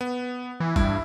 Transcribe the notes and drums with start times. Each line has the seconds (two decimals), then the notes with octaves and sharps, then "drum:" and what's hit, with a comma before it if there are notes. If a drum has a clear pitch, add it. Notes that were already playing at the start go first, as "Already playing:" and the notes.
0.01 B3
0.60 E3
0.76 G2 E4, drum: kick